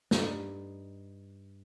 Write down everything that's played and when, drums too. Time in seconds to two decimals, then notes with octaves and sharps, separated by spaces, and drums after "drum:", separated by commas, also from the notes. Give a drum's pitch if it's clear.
0.11 G2 D#4 D#5, drum: snare